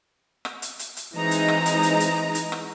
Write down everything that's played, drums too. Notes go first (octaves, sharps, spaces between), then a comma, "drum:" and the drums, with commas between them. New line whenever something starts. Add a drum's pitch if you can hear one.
drum: rim click
drum: hi-hat
drum: hi-hat
drum: hi-hat
E3 G#3 C4 D#4 D#5 A#5
drum: hi-hat
drum: rim click
drum: hi-hat
drum: hi-hat
drum: hi-hat
drum: hi-hat
drum: rim click